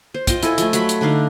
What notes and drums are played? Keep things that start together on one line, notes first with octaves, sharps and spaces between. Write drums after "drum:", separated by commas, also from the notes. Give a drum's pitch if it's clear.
C5
F4 D#5 G5, drum: kick, hi-hat
E4 A4 D#5 G#5, drum: hi-hat
F3 A3, drum: hi-hat
F#3 B5, drum: hi-hat
drum: hi-hat
D3 D4 D#4 F5